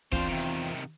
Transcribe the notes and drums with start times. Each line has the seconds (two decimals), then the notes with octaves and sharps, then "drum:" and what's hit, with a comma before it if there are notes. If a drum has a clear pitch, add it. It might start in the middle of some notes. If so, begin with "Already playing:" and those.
0.12 E2 C4 D4 F4 C5, drum: kick
0.28 C3 D#3
0.37 drum: hi-hat